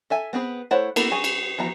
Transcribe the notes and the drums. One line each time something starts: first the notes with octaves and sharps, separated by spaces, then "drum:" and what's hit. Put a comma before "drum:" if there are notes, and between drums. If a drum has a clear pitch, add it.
A4 E5 G#5
B3 C4 G#4 B4
A3 E4 C5 C#5 F#5
A#3 B3 E4 A4 A#4, drum: cymbal
G3 F#4 G#4 G#5
drum: cymbal
E3 F3 B3 F#4 A#5